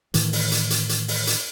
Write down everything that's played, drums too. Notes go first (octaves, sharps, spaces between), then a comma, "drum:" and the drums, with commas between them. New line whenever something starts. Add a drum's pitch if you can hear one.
A2 D#3 E3, drum: hi-hat
drum: open hi-hat
drum: hi-hat
drum: hi-hat
drum: hi-hat
drum: open hi-hat
drum: hi-hat